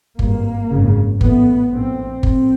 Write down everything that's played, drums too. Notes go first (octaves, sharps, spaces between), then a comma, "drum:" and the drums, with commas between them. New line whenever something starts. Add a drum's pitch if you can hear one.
G#1 G2 A#3, drum: kick G1
G#1 F#2 C#3
A1 A2 B3, drum: kick G1
A#1 A2 C4
A#1 A2 C4, drum: kick G1